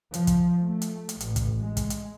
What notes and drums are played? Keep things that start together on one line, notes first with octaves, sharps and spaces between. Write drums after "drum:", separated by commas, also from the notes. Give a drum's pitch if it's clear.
F3, drum: hi-hat
drum: kick, hi-hat
A3
drum: hi-hat
drum: hi-hat
A1, drum: hi-hat
drum: kick, hi-hat
G#3
drum: kick, hi-hat
drum: hi-hat